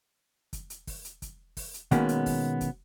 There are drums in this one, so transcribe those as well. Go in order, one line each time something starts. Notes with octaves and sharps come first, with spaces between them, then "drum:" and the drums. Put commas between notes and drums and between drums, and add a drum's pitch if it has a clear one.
drum: kick, hi-hat
drum: hi-hat
drum: kick, open hi-hat
drum: hi-hat
drum: kick, hi-hat
drum: kick, open hi-hat
drum: hi-hat
B2 D#3 G#3 A#3 B3 C#4, drum: kick, hi-hat
drum: hi-hat
drum: kick, open hi-hat
drum: kick, hi-hat